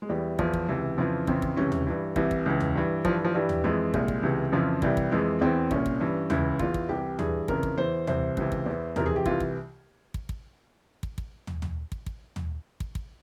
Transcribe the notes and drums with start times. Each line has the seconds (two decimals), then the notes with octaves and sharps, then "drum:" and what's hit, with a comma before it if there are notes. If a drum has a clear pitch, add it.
0.02 G#3
0.09 E2 E3 G3
0.39 E2 E3 F3, drum: kick
0.54 drum: kick
0.68 C#2 C3 E3
0.98 F2 C#3 E3 F3
1.27 F2 C#3 E3 C4, drum: kick
1.42 drum: kick
1.56 C#2 C3 E3 C#4
1.72 drum: tom
1.87 G2 E3
2.16 C2 C3 E3, drum: kick
2.31 drum: kick
2.46 C#2 C#3 E3
2.60 drum: tom
2.75 G2 E3
3.05 G2 E3 F3, drum: kick
3.25 F3
3.34 G2 E3 G3
3.49 drum: tom
3.64 F2 E3 G#3
3.94 C2 A#2, drum: kick
4.08 drum: kick
4.23 C#2 C3 E3
4.52 F2 C#3 E3 F3
4.82 C2 C3 E3 G3, drum: kick
4.97 drum: kick
5.11 F2 E3 G#3
5.41 E2 E3 C4
5.71 C2 A#2 C#4, drum: kick
5.86 drum: kick
6.00 G2 E3
6.30 C#2 C#3 E3 E4, drum: tom
6.59 E2 E3 F4, drum: kick
6.74 drum: kick
6.89 C2 C3 E3 G4
7.19 G2 E3 G#4, drum: tom
7.48 F2 C#3 E3 A#4, drum: kick
7.63 drum: kick
7.78 E2 E3 C5
8.07 C2 C3 E3 C5, drum: tom
8.37 C#2 C3 E3, drum: kick
8.52 drum: kick
8.66 E2 E3
8.96 F2 C3 E3 A#4, drum: tom
9.06 G#4
9.16 G4
9.26 C2 C3 E3 F4, drum: kick
9.40 drum: kick
10.14 drum: kick
10.29 drum: kick
11.03 drum: kick
11.18 drum: kick
11.47 drum: tom
11.62 drum: tom
11.92 drum: kick
12.06 drum: kick
12.36 drum: tom
12.80 drum: kick
12.95 drum: kick